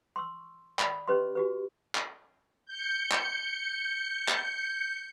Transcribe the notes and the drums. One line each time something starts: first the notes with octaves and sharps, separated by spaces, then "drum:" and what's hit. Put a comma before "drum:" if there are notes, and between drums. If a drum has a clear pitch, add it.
C6 C#6 E6
D5 B5, drum: clap
C#4 G4 B4 D#5 C6
F#4 G4 B4
drum: clap
G6 C#7
drum: clap
drum: clap